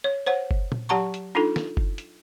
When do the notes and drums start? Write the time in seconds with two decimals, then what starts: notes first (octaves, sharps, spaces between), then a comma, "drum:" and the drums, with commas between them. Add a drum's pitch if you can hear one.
0.04 C#5
0.27 C5 C#5 F#5
0.51 drum: kick F#1
0.72 drum: tom A#2
0.89 F#3 G4 F#5 A5 A#5 C#6
1.14 drum: hi-hat
1.35 D4 D#4 F4 A4
1.56 drum: snare
1.77 drum: kick F#1
1.98 drum: hi-hat